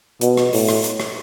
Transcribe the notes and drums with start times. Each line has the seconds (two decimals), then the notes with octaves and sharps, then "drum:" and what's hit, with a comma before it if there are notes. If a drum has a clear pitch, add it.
0.21 B2, drum: hi-hat
0.37 drum: rim click
0.53 A2, drum: open hi-hat
0.69 drum: rim click
0.84 drum: hi-hat
1.00 drum: rim click